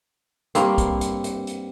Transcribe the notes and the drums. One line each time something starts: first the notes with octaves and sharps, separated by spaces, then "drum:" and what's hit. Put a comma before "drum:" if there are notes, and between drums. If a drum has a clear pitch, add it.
G2 A#3 C4, drum: hi-hat
drum: kick, hi-hat
drum: hi-hat
drum: hi-hat
drum: hi-hat